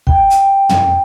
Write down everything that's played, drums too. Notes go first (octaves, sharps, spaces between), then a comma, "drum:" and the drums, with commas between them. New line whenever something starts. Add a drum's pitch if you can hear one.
G5, drum: kick
drum: hi-hat
drum: tom